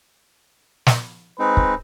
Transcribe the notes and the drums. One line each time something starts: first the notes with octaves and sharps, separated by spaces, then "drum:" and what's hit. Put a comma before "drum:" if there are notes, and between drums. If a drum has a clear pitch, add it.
drum: snare
G#3 C4 D#4 B4
drum: kick